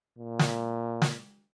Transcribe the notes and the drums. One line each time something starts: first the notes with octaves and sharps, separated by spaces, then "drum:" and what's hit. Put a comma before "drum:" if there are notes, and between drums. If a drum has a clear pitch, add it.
A#2
drum: snare
drum: snare